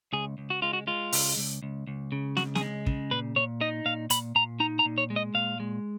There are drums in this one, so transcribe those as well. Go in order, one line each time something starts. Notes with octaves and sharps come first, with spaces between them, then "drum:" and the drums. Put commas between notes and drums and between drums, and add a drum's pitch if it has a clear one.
C#2 G#4
C#2
F#4
G#3 F4
F#4
G#3 F4
C#2, drum: open hi-hat
C#2
C#2
C#2
C#3
C#2 F#4, drum: snare
G#4, drum: snare
G#3
C#3, drum: kick
A#2 B4
A#2 C#5
D#4 D#5
A#2 F5
A#2 B5, drum: hi-hat
A#2 A#5
D#4 A#5
A#5
A#2
C#5
G#3
D#5
A#2 F5
G#3